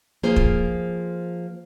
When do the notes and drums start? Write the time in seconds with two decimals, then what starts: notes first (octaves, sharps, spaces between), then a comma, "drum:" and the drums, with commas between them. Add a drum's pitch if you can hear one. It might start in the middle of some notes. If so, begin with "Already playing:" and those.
0.23 F3 A#3 F4 G#4 C5
0.36 drum: kick